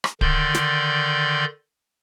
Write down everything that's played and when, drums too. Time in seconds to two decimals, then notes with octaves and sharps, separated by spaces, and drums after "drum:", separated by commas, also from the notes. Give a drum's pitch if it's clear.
0.04 drum: rim click
0.21 D3 D#3 D5 C6 G6, drum: kick D1
0.55 drum: snare